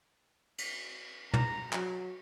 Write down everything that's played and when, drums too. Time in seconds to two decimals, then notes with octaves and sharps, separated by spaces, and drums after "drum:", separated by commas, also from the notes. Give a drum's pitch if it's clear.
0.58 drum: cymbal
1.34 A#5, drum: tom
1.73 F#3, drum: clap